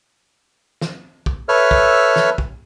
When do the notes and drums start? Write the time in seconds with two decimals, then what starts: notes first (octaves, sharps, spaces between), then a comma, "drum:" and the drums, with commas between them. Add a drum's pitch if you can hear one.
0.81 drum: snare
1.26 drum: kick
1.49 A4 B4 C#5 E5 F6
1.71 drum: kick
2.16 drum: snare
2.38 drum: kick